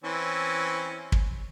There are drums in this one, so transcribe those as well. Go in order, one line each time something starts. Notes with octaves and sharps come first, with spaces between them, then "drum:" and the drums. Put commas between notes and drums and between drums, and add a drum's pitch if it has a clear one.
E3 C4 C#4
drum: kick